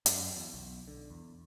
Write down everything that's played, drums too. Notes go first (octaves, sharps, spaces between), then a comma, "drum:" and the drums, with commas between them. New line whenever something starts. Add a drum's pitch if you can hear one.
F#2, drum: hi-hat
E2
B1
D3
E2